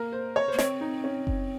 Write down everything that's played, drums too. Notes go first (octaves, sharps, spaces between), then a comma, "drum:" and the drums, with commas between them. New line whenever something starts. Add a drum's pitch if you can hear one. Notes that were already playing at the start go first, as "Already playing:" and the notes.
Already playing: A#3 A#4
C5
C#5
A#3 C5
C4 C#5, drum: snare
D#4
C#4
drum: kick F#1